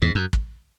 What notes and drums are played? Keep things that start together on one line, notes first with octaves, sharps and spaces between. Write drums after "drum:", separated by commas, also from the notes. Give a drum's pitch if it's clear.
E2 G#2
F#2
drum: kick